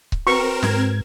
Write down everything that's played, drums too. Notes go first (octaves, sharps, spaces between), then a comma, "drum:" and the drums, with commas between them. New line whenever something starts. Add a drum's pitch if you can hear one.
drum: kick C#1
C4 F#4 A#4 B4 C#6 E7
G#2 G#6, drum: snare